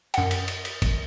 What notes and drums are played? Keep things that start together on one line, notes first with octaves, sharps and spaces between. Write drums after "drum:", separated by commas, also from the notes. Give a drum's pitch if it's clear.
F#2 F#5, drum: cymbal
drum: cymbal
drum: cymbal
drum: cymbal
drum: kick, cymbal